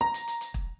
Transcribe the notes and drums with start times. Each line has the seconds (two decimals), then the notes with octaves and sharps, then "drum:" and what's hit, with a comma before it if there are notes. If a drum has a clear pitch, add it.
0.01 A#5
0.14 drum: hi-hat
0.28 drum: hi-hat
0.41 drum: hi-hat
0.54 drum: kick